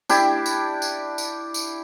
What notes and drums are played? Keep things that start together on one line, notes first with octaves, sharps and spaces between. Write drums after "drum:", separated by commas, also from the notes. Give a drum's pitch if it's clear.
D4 E4 G4, drum: tambourine
drum: tambourine
drum: tambourine
drum: tambourine
drum: tambourine